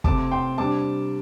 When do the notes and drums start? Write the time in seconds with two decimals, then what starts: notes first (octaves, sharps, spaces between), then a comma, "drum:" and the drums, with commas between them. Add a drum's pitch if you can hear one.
0.04 C3 A3 C4 A5 D6, drum: kick
0.31 G5 C6
0.58 C3 G3 D4 A5 D6